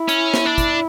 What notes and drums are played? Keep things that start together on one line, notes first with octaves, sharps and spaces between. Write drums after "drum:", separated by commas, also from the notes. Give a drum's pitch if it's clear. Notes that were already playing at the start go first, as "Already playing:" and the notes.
Already playing: E4
C#4, drum: hi-hat
drum: snare
D4
drum: kick, hi-hat